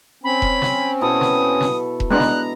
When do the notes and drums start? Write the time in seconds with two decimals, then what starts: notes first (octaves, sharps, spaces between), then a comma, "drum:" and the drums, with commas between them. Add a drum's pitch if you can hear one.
0.24 C4 C#4 B5
0.42 drum: kick E1
0.62 drum: snare
1.01 B2 E4 A4 D#6
1.21 drum: snare
1.60 drum: snare
2.00 drum: kick E1
2.11 G#3 B3 D4 A#5 F#6
2.20 drum: snare